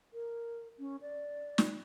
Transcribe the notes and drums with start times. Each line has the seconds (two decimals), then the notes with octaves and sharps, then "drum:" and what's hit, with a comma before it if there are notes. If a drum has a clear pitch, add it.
0.14 A#4
0.79 C#4
1.01 D5
1.58 drum: snare